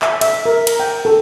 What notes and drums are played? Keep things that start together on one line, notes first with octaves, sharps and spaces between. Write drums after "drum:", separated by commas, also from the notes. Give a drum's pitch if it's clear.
E5, drum: clap
E5, drum: cymbal
A#4
A#5, drum: cymbal
G5
A4